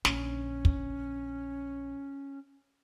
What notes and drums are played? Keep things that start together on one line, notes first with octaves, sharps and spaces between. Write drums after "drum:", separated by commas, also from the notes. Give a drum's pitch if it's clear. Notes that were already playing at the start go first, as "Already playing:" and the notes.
A#1 D3 C#4, drum: snare
drum: kick